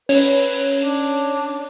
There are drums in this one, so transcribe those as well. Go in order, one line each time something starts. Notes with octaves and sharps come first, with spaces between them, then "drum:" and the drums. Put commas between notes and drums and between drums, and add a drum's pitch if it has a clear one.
C#4 B4 C#5, drum: open hi-hat
D4